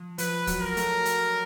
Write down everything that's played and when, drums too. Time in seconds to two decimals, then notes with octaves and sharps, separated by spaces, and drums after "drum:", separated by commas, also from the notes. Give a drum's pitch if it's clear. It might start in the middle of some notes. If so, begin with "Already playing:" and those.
Already playing: F3
0.18 F3 B4, drum: hi-hat
0.47 F#3, drum: kick, hi-hat
0.62 A#4
0.77 A3, drum: hi-hat
1.05 drum: hi-hat